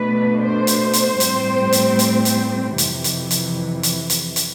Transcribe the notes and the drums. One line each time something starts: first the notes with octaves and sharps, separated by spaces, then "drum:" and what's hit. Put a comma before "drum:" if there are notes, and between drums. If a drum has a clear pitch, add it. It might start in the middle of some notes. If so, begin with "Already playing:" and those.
Already playing: B2 A3 D4 B4
C5
drum: hi-hat
drum: hi-hat
A2 G3 C4, drum: hi-hat
drum: hi-hat
drum: hi-hat
drum: hi-hat
F2 C3 E3, drum: hi-hat
drum: hi-hat
drum: hi-hat
drum: hi-hat
drum: hi-hat
drum: hi-hat